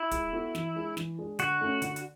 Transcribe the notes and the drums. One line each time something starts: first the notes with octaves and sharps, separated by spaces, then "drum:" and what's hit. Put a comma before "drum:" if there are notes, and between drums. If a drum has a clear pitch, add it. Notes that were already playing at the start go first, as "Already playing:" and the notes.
Already playing: E4
G#3, drum: kick, hi-hat
B3 F#4 A4
E3, drum: snare
G#3 D4
E3, drum: snare
G#3 D4
D3 F#4, drum: hi-hat
A3 C#4
D3, drum: hi-hat
drum: hi-hat